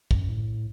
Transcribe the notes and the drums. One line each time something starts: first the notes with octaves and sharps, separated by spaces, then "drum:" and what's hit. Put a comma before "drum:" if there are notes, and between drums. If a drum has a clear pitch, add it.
F#2, drum: kick
A2